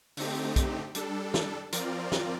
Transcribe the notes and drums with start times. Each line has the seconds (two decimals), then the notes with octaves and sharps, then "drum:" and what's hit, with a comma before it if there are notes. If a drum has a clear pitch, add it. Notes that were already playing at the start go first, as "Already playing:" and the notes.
0.17 D3 A3 C4 D#4 G4, drum: open hi-hat
0.56 drum: kick, hi-hat
0.95 G3 D4 A4, drum: hi-hat
1.34 drum: snare
1.72 F3 C4 F4 A#4 D5, drum: hi-hat
2.12 drum: snare